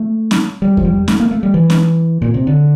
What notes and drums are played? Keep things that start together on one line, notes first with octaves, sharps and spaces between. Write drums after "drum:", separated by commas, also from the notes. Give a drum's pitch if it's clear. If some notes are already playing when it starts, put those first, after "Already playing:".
Already playing: A3
drum: snare
G3
F3, drum: kick F2
G3
A3, drum: snare
A#3
A3
G3
E3
drum: snare
A#2
C3
D3